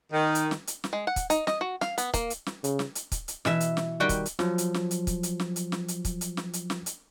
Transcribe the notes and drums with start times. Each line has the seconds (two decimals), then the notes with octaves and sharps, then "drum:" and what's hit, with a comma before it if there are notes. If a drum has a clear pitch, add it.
0.11 D#3
0.35 drum: hi-hat
0.51 drum: snare
0.67 drum: hi-hat
0.84 drum: snare
0.93 G#3
1.07 F#5
1.16 drum: kick, hi-hat
1.30 D#4, drum: hi-hat
1.47 D#5, drum: snare
1.61 F#4
1.81 F5, drum: snare
1.98 B3, drum: hi-hat
2.14 A#3, drum: kick, hi-hat
2.30 drum: hi-hat
2.46 drum: snare
2.64 C#3, drum: hi-hat
2.79 drum: snare
2.95 drum: hi-hat
3.12 drum: kick, hi-hat
3.28 drum: hi-hat
3.45 B2 E3 E5, drum: snare
3.60 drum: hi-hat
3.77 drum: snare
4.00 D#3 G3 F#4 G5
4.09 drum: kick, hi-hat
4.26 drum: hi-hat
4.39 F3 F#3, drum: snare
4.58 drum: hi-hat
4.74 drum: snare
4.91 drum: hi-hat
5.07 drum: kick, hi-hat
5.23 drum: hi-hat
5.40 drum: snare
5.56 drum: hi-hat
5.72 drum: snare
5.88 drum: hi-hat
6.05 drum: kick, hi-hat
6.21 drum: hi-hat
6.37 drum: snare
6.53 drum: hi-hat
6.70 drum: snare
6.86 drum: hi-hat